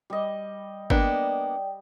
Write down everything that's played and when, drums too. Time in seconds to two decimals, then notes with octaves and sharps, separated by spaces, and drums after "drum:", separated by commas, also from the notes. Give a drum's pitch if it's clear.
0.10 G3 D#5
0.90 A#3 B3 D4 D5 G5, drum: kick G1